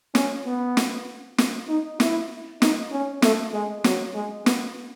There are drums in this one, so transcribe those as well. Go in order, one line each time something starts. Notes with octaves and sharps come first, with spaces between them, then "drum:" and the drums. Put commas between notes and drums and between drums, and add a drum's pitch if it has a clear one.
C#4, drum: snare
B3
drum: snare
drum: snare
D#4
E4, drum: snare
D#4, drum: snare
C#4
A3, drum: snare
G#3
F#3, drum: snare
G#3
B3, drum: snare